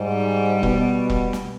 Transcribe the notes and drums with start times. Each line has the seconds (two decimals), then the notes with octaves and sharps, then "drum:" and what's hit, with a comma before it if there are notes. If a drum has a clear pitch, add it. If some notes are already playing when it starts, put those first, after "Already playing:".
Already playing: G#2 G3
0.63 B2, drum: kick E1
1.10 drum: kick E1
1.33 drum: snare